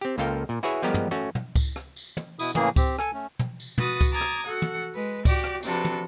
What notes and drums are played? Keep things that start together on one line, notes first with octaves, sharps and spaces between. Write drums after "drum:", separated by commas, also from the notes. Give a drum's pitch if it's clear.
C4 G4
C#2 A#3 F4 A4 F5 G5
A#2
E4 F#4 G#4 B4 C#5 E5
F3 G3 G#3 B3 G4 A#4
drum: tom
A3 C#4 F#4
drum: tom
drum: kick C#2, tambourine
drum: rim click
drum: tambourine
drum: tom
B2 E4 D#6, drum: tambourine
A2 C#3 E3 A#3 G#4, drum: tom
C4 G4, drum: kick C#2, tambourine
A4 G#5, drum: rim click
A3 C#4
drum: tom
drum: tambourine
F#4 B4 D#6 A6, drum: tom
drum: kick C#2, tambourine
A5 A#5 D6 D#6 G#6
drum: rim click
F#4 A4 F#5
drum: tom
G#3 B4
F#4 G4 D5, drum: kick C#2, tambourine
drum: rim click
C3 F3 D4 F#4 A4 B4, drum: tambourine
drum: tom